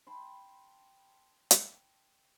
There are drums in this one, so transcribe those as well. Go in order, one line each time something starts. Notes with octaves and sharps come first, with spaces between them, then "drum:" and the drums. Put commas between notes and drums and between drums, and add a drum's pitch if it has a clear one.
G5 A5 B5 C6
drum: hi-hat